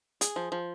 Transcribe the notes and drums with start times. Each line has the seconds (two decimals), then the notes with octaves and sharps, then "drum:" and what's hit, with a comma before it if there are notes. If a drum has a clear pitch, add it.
0.21 G#4, drum: hi-hat
0.36 F3
0.52 F3